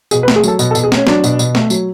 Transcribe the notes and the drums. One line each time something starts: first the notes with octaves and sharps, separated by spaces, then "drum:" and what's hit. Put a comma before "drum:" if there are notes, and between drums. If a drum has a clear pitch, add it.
B2 G#4, drum: tambourine
B4
A3, drum: snare
G#4
F#3 A4, drum: tambourine
B2, drum: tambourine
A4
B2, drum: tambourine
G#4
A3 C#4, drum: snare
F#3 D4, drum: snare
B2, drum: tambourine
B2, drum: tambourine
A3, drum: snare
F#3, drum: tambourine